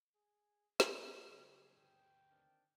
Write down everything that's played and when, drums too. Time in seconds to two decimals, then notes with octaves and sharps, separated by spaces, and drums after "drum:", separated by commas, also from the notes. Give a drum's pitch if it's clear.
0.15 G#4
0.80 E4 D5 F5 A5, drum: snare
1.28 F#2 C#3 G3 G4 G#4
1.77 D2 B3 G5
2.30 D#3 C4 D4